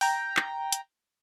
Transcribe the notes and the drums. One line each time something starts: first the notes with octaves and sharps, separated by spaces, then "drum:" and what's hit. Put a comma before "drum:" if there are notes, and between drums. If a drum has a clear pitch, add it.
G5 A#5, drum: open hi-hat
drum: clap
drum: hi-hat